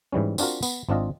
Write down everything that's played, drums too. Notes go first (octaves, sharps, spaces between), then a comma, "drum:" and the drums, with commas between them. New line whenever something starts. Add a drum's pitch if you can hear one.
G#2 E3 G3 C#4
C4 D4 F4 F#4 A#4, drum: tambourine
B3, drum: tambourine
G#1 C4 D4 F4 D#5